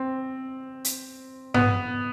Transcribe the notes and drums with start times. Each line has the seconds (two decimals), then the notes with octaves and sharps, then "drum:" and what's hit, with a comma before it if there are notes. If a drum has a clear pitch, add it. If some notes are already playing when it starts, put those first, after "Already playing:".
Already playing: C4
0.85 drum: hi-hat
1.54 B3, drum: tom G#2